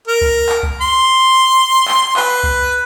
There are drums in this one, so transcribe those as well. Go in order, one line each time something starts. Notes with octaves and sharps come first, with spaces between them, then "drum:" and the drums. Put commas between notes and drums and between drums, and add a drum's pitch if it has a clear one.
A#4
drum: kick C#2
drum: clap
drum: kick C#2
C6
drum: clap
B4, drum: clap
drum: kick C#2